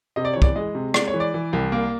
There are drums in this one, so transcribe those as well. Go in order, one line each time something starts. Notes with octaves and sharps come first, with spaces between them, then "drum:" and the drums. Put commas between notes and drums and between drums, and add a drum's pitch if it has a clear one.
C3 D#5
D5
E3 C#5
D5, drum: kick
G#3 D#5
C3
G#3 D5, drum: rim click
C#5
E3
D5
E3
C2
A#3